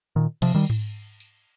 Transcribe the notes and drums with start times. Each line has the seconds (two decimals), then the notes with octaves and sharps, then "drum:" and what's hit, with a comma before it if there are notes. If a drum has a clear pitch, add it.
0.16 A#2 D#3
0.42 C3 F3, drum: cymbal
0.54 D#3 G3
0.70 drum: tom G#2
1.20 drum: tambourine